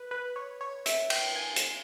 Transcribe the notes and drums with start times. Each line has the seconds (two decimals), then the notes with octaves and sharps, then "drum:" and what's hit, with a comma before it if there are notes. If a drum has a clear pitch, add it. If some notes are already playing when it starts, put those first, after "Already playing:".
Already playing: B4
0.11 B4
0.36 C#5
0.61 C#5
0.86 E5, drum: hi-hat
1.10 G5, drum: cymbal
1.36 G#5
1.56 drum: hi-hat